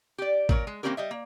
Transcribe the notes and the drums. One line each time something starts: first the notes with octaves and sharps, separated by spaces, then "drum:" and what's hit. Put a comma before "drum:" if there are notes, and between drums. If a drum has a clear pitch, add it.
G4 D5
A#2 A#4 C#5, drum: kick
G#3
E3 A#3 C4 C#4 G4 A#4
G3 D#5 E5
A#3